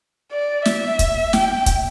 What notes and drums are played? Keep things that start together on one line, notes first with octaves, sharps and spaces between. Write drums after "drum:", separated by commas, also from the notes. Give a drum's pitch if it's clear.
D5
E5, drum: snare
drum: kick, hi-hat
G5, drum: snare
drum: kick, hi-hat